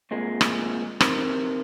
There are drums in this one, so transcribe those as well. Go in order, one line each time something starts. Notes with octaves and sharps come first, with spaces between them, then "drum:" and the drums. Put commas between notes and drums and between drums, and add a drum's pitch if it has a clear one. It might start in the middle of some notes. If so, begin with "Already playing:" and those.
C2 A#2 G#3
drum: rim click
C3 D#3, drum: rim click